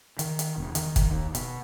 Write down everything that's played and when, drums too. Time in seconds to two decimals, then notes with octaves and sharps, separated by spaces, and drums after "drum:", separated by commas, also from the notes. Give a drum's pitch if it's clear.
0.19 D#3, drum: hi-hat
0.39 drum: hi-hat
0.58 E1
0.75 D#3, drum: hi-hat
0.96 drum: kick, hi-hat
1.10 D#2
1.35 B2, drum: hi-hat